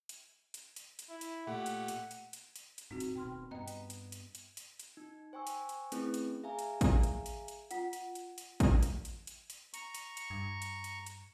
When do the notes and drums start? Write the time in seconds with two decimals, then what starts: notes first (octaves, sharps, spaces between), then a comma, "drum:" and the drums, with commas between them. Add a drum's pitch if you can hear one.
0.09 drum: hi-hat
0.54 drum: hi-hat
0.76 drum: hi-hat
0.99 drum: hi-hat
1.09 E4
1.21 drum: hi-hat
1.47 A#2 A3 G4 F#5
1.66 drum: hi-hat
1.88 drum: hi-hat
2.11 drum: hi-hat
2.33 drum: hi-hat
2.56 drum: hi-hat
2.78 drum: hi-hat
2.91 D#1 G#2 C4 D#4 F#4
3.00 drum: hi-hat
3.15 D#1 B2 G5 C6 F6
3.51 G2 B3 D#5 G5 A#5
3.68 drum: hi-hat
3.90 drum: hi-hat
4.12 drum: hi-hat
4.35 drum: hi-hat
4.57 drum: hi-hat
4.79 drum: hi-hat
4.97 D#4
5.33 C5 G5 G#5 C#6 E6
5.47 drum: hi-hat
5.69 drum: hi-hat
5.92 A3 C4 C#4 E4 G#4 B4, drum: hi-hat
6.14 drum: hi-hat
6.43 G#4 E5 F5 G#5 A#5
6.59 drum: hi-hat
6.81 drum: kick, hi-hat
7.03 drum: hi-hat
7.26 drum: hi-hat
7.48 drum: hi-hat
7.71 F4 F#5, drum: hi-hat
7.93 drum: hi-hat
8.15 drum: hi-hat
8.38 drum: hi-hat
8.60 drum: kick, hi-hat
8.83 drum: hi-hat
9.05 drum: hi-hat
9.27 drum: hi-hat
9.50 drum: hi-hat
9.74 A#5 C#6, drum: hi-hat
9.95 drum: hi-hat
10.17 drum: hi-hat
10.30 G2
10.62 drum: hi-hat
10.84 drum: hi-hat
11.06 drum: hi-hat